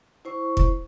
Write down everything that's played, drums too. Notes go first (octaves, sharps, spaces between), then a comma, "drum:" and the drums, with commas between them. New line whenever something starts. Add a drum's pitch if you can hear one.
E4 C5 C#6
drum: kick